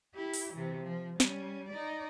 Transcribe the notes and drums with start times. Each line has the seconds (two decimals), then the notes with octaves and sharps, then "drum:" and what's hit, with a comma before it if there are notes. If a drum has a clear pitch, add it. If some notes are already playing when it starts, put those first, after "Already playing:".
0.15 E4 G4
0.34 drum: open hi-hat
0.53 C3 E3
0.83 F3
1.20 G3 C#4, drum: snare
1.69 D#4 D5